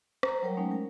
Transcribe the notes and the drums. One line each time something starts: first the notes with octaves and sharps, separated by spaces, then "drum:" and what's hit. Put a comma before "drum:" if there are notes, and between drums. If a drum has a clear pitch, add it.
C5 A#5, drum: rim click
F#3 G3 A#4 C#5 F#5 G5
G#3 A3 C#4 D#4 G5
A#4